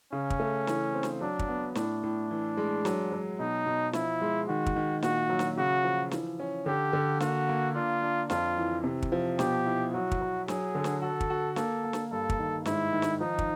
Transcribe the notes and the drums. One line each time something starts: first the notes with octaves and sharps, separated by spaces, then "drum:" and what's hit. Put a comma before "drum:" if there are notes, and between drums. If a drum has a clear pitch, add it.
C#3 C#4
drum: kick
A3
E3, drum: snare
C4
drum: snare
F#3 D4
drum: kick
B3
A2 D4, drum: snare
A2
E3
G#3
F#3, drum: snare
F#3
B2 D#4
B2
F3 E4, drum: snare
G#3
D#3 F#4
drum: kick
D#3
A#2 F#4, drum: snare
F#3
drum: snare
C#3 F#4
F3
E3, drum: snare
C#4
D3 G4
D3
A#3 F#4, drum: snare
A#3
D4 F4
D4
F2 F4, drum: snare
E3
C3
drum: kick
F3
B2 G4, drum: snare
E4
F#3 F#4
drum: kick
F#3
F#3 G#4, drum: snare
D3
drum: snare
F#4 A4
drum: kick
F#4
A#3 A4, drum: snare
A#3
drum: snare
G2 A4
drum: kick
D#3
G#2 E4, drum: snare
D#3
drum: snare
F3 D#4
drum: kick